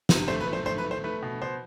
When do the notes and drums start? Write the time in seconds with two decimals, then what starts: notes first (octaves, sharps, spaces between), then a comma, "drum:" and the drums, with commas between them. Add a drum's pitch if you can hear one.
0.09 C3, drum: snare
0.28 A3 C5
0.40 B4
0.47 A3
0.53 C5
0.66 A3 C5
0.78 B4
0.84 A3
0.91 C5
1.04 A3 B4
1.22 B2
1.41 B2 C5